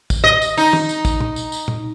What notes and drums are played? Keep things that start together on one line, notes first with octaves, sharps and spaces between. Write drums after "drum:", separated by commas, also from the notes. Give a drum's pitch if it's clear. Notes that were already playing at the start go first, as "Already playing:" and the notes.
drum: kick, tambourine
D#5, drum: tom
drum: tambourine
D#4, drum: tambourine
drum: tom
drum: tambourine
drum: kick, tambourine
drum: tom
drum: tambourine
drum: tambourine
drum: tom